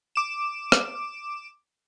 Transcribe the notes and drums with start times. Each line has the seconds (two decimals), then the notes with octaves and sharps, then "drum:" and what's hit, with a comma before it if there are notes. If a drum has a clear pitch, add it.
0.16 D6 E7
0.72 drum: rim click